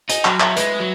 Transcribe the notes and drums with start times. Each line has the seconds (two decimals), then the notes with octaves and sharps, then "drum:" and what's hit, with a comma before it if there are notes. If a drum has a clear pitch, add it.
0.09 D#4 G#5, drum: hi-hat
0.25 F#3, drum: clap
0.40 F#3 E5, drum: clap
0.56 G#3 B4, drum: hi-hat
0.80 F#3